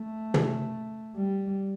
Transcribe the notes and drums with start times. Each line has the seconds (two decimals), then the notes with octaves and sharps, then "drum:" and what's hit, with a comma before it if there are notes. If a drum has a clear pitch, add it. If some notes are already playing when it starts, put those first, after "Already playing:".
Already playing: A3
0.34 drum: tom
1.16 G3